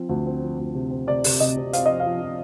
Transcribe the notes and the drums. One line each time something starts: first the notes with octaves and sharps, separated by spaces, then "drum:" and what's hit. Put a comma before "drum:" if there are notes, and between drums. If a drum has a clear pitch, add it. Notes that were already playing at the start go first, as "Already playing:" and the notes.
Already playing: F3 C4
D2
C4
F3
D2
C3
C4
C3 D5
C3, drum: open hi-hat
C3 D#5
C3
C4 F5, drum: hi-hat
F3 D#5
F5
F3
F3